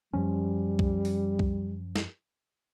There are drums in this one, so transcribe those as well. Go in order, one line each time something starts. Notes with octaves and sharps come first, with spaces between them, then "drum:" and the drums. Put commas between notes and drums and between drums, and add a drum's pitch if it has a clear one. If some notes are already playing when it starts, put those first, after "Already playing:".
F#2 F3 G3 C#4
drum: kick C2
drum: open hi-hat
drum: kick C2
drum: snare